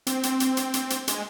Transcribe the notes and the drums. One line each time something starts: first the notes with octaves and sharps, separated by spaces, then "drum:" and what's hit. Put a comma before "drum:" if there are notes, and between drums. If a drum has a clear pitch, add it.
C4, drum: hi-hat
drum: hi-hat
drum: hi-hat
drum: hi-hat
drum: hi-hat
drum: hi-hat
G#3, drum: hi-hat